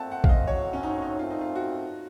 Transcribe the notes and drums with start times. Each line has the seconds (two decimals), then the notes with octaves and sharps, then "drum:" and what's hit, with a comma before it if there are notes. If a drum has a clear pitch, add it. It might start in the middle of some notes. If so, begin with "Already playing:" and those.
Already playing: A#2 A3 C4 F#5 A5
0.12 F#5
0.24 F5, drum: kick
0.29 D#5
0.47 A2 F#3 C4 F#4 C#5
0.73 C#4
0.83 D#4
1.02 D#4
1.19 A#2 A3 C4 F4
1.30 D#4
1.41 F4
1.55 F#4